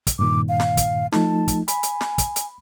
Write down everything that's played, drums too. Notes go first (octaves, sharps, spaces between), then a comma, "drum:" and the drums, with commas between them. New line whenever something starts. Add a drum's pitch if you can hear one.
drum: kick, hi-hat
G2 A#2 D#3 D6
F5
drum: snare
drum: kick, hi-hat
F3 A3 D#4 A5, drum: snare
drum: kick, hi-hat
G#5 B5, drum: hi-hat
drum: hi-hat
drum: snare
drum: kick, hi-hat
drum: hi-hat